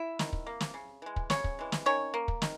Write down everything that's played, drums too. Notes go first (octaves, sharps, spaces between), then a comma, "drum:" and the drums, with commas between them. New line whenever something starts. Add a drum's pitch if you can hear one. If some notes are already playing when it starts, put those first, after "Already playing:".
Already playing: E4 E5
D#3, drum: snare
drum: kick
A#3
drum: snare
C#3
E3 G#3
drum: kick
C#3 C#4 C#5, drum: snare
drum: kick
E3 G#3
drum: snare
D#3 C#4 C#5
A#3
drum: kick
D#3, drum: snare